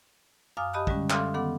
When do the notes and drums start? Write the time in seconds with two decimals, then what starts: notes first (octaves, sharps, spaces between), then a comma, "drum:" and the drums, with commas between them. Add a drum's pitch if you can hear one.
0.57 F#2 F5 G#5 D6 D#6 F6
0.73 G4 D#5 A5 B5 D#6 F#6
0.87 D3 G3 G#3 C#4, drum: kick
1.10 A4 E5 F5 C6 D6 F6, drum: clap
1.34 D#3 B3 A4 F#5 D6